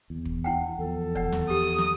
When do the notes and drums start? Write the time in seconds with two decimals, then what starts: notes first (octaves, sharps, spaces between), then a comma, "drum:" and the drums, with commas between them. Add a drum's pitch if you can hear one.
0.10 E2
0.25 drum: kick
0.44 E4 F#5 G5
0.79 E2 F3 A4
1.15 D5 F#5, drum: kick
1.32 drum: snare
1.50 G4 D#6
1.78 drum: snare